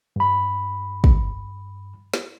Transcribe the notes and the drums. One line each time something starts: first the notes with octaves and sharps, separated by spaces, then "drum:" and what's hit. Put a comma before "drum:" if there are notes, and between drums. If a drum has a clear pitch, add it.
G2 B5
drum: kick
drum: snare